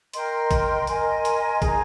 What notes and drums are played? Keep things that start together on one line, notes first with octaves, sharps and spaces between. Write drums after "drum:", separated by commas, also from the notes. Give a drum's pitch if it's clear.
A#4 D#5 G5 C6, drum: hi-hat
drum: kick, hi-hat
A#4 D#5 G#5 C6, drum: hi-hat
drum: hi-hat
D#4 G#4 D#5 A#5, drum: kick, hi-hat